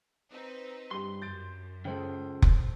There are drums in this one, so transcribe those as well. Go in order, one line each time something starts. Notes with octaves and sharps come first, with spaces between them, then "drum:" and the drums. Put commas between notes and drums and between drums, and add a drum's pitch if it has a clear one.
C4 D#4 B4
G2 G3 C6
F#2 G6 A6 D7
C#3 G#3 A4 C5 G5
drum: kick F1